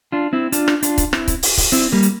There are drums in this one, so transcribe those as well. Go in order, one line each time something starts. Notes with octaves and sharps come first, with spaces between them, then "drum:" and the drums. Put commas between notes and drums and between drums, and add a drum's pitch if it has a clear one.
D4 F4
C4 E4
D4 F4, drum: hi-hat
drum: rim click
D4 F4, drum: hi-hat
drum: kick C#1, hi-hat
C4 E4, drum: rim click
drum: kick C#1, hi-hat
drum: open hi-hat
drum: kick C#1, open hi-hat
C4 E4, drum: hi-hat
G3 A#3
drum: hi-hat